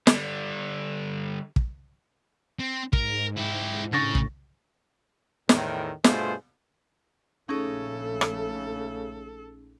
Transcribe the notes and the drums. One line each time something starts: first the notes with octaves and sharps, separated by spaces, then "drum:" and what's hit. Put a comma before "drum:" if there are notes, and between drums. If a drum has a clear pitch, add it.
D3 G3, drum: snare
drum: kick
C4
G#2 A#4, drum: kick
E4 G4
A2 C#3 C#6 A6 A#6
drum: kick
E2 A2 D#3, drum: snare
G2 B2 A3 F4 G#4 C5, drum: snare
A#1 C#3 A3 C#4 D#4 G#4 A4
drum: rim click